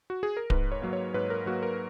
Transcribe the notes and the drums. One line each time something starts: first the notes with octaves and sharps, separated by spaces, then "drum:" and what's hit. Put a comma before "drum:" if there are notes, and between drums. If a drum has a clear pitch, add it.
F#4
G#4
A#4
G#2 B4, drum: kick D1
C#5
F#3 A#3
C#5
G#2 B4
A#4
F#3 A#3 F#4
A#4